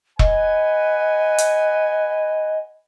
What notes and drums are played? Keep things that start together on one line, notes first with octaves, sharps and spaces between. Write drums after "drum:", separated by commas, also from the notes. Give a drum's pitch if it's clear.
B4 D#5 F#5 G#5, drum: kick E1
drum: hi-hat